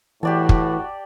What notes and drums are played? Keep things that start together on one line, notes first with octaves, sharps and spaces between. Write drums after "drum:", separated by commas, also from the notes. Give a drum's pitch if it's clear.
A2 E3 F#4 G4 D5 A5
drum: kick